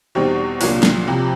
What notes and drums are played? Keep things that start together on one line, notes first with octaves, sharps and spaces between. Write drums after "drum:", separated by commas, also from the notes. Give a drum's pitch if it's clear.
E2 B2 G3 C4 D#4
C2 A#2 F#3 A#3 D4, drum: open hi-hat
drum: snare
F2 C3 F3